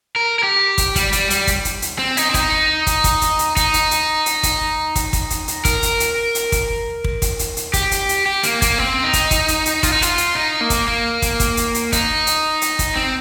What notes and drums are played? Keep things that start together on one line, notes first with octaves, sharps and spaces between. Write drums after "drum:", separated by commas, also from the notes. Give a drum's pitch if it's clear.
A#4
A#4
G4
drum: kick, hi-hat
G3, drum: kick, hi-hat
G3, drum: hi-hat
G3, drum: hi-hat
drum: kick, hi-hat
drum: hi-hat
drum: hi-hat
C4
D#4, drum: hi-hat
C4
D#4, drum: kick, hi-hat
drum: kick, hi-hat
drum: kick, hi-hat
drum: hi-hat
drum: hi-hat
D#4, drum: kick, hi-hat
drum: hi-hat
drum: hi-hat
drum: hi-hat
drum: kick, hi-hat
drum: kick, hi-hat
drum: kick, hi-hat
drum: hi-hat
drum: hi-hat
A#4, drum: kick, hi-hat
drum: hi-hat
drum: hi-hat
drum: hi-hat
drum: kick, hi-hat
drum: kick
drum: kick, hi-hat
drum: hi-hat
drum: hi-hat
G4, drum: kick, hi-hat
drum: hi-hat
drum: hi-hat
G4
A#3, drum: hi-hat
A#3, drum: kick, hi-hat
C4
D#4
drum: kick, hi-hat
drum: kick, hi-hat
drum: hi-hat
drum: hi-hat
F4, drum: kick, hi-hat
D#4
F4, drum: hi-hat
drum: hi-hat
D#4
A#3
drum: kick, hi-hat
A#3
drum: kick, hi-hat
drum: kick, hi-hat
drum: hi-hat
drum: hi-hat
D#4, drum: kick, hi-hat
drum: hi-hat
drum: hi-hat
drum: kick, hi-hat
C4